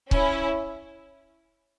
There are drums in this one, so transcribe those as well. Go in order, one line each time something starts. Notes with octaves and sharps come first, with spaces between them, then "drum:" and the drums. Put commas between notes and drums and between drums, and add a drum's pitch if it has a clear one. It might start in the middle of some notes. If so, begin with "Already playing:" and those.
C#4 E4, drum: kick C#1